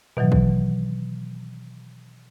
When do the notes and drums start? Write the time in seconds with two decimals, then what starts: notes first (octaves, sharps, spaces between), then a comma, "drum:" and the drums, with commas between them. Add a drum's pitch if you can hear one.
0.17 B2 D#3 E3 F#3, drum: tom
0.32 drum: kick